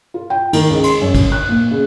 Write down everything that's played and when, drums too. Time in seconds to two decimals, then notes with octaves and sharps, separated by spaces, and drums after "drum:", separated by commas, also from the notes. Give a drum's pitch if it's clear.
0.14 F4
0.30 G5
0.53 D#3, drum: cymbal
0.70 C#2
0.84 C6, drum: cymbal
1.01 F#2
1.15 drum: kick, cymbal
1.32 F#6
1.49 A#2
1.71 C#3